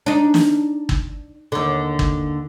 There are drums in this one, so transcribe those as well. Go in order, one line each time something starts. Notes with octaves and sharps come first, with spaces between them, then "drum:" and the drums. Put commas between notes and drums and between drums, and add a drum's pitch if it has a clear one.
D4 D#4
drum: snare
drum: kick G1
D#2 D3
drum: kick G1